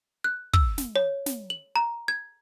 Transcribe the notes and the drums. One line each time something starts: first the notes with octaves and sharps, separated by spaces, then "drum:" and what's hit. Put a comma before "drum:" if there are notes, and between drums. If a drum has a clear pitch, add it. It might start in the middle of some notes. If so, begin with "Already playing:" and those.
F#6
E6, drum: kick
drum: snare
C#5
drum: snare
F#7
A#5
G#6